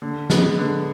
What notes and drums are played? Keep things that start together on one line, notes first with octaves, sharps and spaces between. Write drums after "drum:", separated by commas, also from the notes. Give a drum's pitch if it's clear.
D3
G#3 B3, drum: snare
D3